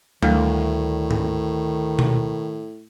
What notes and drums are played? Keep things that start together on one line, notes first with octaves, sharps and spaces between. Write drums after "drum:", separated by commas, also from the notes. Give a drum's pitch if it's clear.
D2 A2 D#3 G3 A3 D4, drum: tom F#3
drum: tom
drum: tom B2